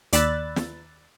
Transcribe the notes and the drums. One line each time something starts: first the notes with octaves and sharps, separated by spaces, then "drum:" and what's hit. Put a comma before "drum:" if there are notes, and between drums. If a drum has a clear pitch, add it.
D#2 D5 B5 E6 F#6 A6, drum: hi-hat
drum: snare